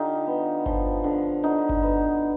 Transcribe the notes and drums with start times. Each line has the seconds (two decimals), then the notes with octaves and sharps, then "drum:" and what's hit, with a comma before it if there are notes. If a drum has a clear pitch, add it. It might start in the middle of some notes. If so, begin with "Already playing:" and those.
Already playing: D3 D#4 F4 G4
0.27 B3
0.66 F3, drum: kick G1
1.04 D3
1.44 D3 D#4
1.69 drum: kick G1
1.82 B3